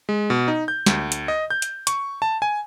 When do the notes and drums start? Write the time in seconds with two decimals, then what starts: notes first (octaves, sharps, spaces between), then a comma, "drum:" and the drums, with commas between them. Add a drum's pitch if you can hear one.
0.09 G#3
0.30 B2
0.48 D#4
0.68 G6
0.86 D2, drum: snare
1.12 drum: hi-hat
1.28 D#5
1.50 G6
1.62 drum: hi-hat
1.87 C#6, drum: hi-hat
2.22 A5
2.42 G#5